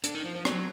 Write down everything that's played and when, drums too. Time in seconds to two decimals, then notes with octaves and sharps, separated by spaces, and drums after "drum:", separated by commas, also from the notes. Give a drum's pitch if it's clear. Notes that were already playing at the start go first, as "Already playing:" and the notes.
0.04 D3, drum: hi-hat
0.15 D#3
0.25 F3
0.35 F3
0.45 F#3, drum: rim click